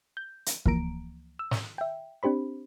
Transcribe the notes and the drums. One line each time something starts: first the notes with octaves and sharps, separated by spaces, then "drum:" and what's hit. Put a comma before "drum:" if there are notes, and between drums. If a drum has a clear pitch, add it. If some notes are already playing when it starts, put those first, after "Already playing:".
G6
drum: hi-hat
C#2 E3 F3 A#3 A#5 D7, drum: kick
E6
drum: snare
E5 G5
C4 D4 G4 C5 B5